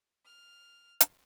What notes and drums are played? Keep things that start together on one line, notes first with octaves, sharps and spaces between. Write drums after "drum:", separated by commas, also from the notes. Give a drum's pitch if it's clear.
F6
drum: hi-hat